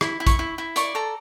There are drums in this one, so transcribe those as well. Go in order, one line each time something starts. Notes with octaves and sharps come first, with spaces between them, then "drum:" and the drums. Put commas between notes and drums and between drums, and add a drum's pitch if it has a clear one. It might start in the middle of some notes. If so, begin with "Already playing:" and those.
E4, drum: rim click
E4
C#6, drum: kick, hi-hat
E4
E4
D5 C#6, drum: hi-hat
A4 A#5